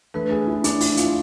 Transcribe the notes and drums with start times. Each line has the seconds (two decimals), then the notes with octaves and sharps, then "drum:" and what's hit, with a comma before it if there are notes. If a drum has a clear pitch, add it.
0.14 E3 A3 D4 A4 B4
0.31 G#4
0.47 E4
0.64 D4, drum: hi-hat
0.80 E4, drum: open hi-hat
0.97 F4, drum: hi-hat